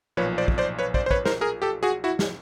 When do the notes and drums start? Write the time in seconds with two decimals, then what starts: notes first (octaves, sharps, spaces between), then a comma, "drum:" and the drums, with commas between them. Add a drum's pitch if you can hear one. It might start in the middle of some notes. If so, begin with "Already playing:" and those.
0.17 B1 A#2 F3 B4 C#5
0.38 C5 D5
0.48 drum: kick
0.58 C5 D5
0.79 B4 C#5
0.94 C5 D5, drum: kick
1.06 C5
1.11 B4 C#5, drum: kick
1.25 A#4 C5, drum: snare
1.41 G#4 A#4
1.62 G4 A4
1.83 F#4 G#4
2.04 E4 F#4
2.19 drum: snare